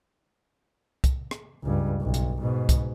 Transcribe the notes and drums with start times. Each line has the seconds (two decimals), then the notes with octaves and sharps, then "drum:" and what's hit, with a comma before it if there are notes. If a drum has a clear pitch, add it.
1.04 drum: kick C2, hi-hat
1.31 drum: rim click
1.63 C#2 G2
2.01 B1
2.14 drum: hi-hat
2.41 G#2 B2
2.69 drum: kick C2, hi-hat